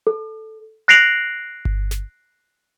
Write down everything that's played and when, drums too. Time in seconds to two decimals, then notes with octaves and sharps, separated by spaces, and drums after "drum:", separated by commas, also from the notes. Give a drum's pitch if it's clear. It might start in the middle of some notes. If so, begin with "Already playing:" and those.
0.07 A4
0.88 F#6 A#6 C7 D7 F7 F#7
1.65 drum: kick G1
1.91 drum: snare